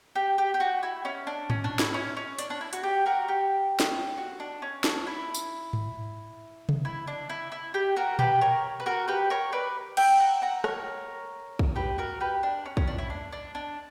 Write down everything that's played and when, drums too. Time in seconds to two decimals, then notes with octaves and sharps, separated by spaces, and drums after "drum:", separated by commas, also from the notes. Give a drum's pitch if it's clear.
0.15 G4
0.38 G4
0.54 G4
0.60 F#4
0.83 E4
1.05 C#4
1.27 D4
1.50 C#4, drum: tom G#2
1.64 D4
1.79 E4, drum: snare
1.94 C#4
2.17 C#4
2.38 D4, drum: hi-hat
2.50 D4
2.61 E4
2.73 F#4, drum: hi-hat
2.83 G4
3.06 F#4 A#4
3.28 G4
3.80 drum: snare
4.17 F#4
4.40 D4
4.62 C#4
4.84 D4, drum: snare
5.07 E4
5.34 drum: tambourine
5.73 drum: tom G#2
6.69 drum: tom C3
6.85 E4
7.07 D4
7.29 E4
7.52 E4
7.74 G4
7.96 F#4 A#4
8.19 G4 B4, drum: tom A#2
8.41 A#4 C#5
8.80 B4
8.86 F#4 A#4
9.08 G4 B4
9.30 A#4 C#5
9.52 B4 D5
9.97 E5 G5, drum: cymbal
10.20 F#5 A#5
10.42 F#5 A#5
10.64 A#4 C#5, drum: rim click
11.59 drum: kick
11.76 G4 B4
11.98 F#4 A#4
12.20 G4 B4
12.43 D4
12.65 C#4
12.77 C#4, drum: kick
12.87 D4
12.98 E4
13.10 D4
13.32 D4
13.55 D4